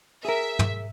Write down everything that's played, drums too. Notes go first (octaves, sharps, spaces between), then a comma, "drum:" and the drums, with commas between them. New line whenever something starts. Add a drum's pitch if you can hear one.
G#4 A#4 E5
drum: tom